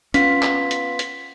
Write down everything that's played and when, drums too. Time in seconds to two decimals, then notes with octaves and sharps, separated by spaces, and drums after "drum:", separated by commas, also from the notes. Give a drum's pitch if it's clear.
0.14 B3 C#4 F4 B6, drum: hi-hat
0.43 drum: clap
0.71 drum: hi-hat
0.99 drum: hi-hat